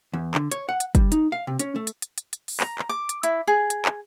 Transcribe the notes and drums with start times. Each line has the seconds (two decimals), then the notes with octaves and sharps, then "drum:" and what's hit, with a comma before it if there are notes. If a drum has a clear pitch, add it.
0.13 E2
0.34 D3, drum: clap
0.52 C#5, drum: hi-hat
0.69 F#5
0.80 drum: hi-hat
0.95 G3, drum: kick, hi-hat
1.12 D#4, drum: hi-hat
1.32 F5
1.47 C3
1.59 C#4, drum: hi-hat
1.76 A3
1.87 drum: hi-hat
2.02 drum: hi-hat
2.18 drum: hi-hat
2.33 drum: hi-hat
2.48 drum: open hi-hat
2.60 A#5, drum: clap
2.79 drum: clap
2.89 D6
3.09 drum: hi-hat
3.23 E4, drum: hi-hat
3.47 G#4
3.70 drum: hi-hat
3.85 drum: clap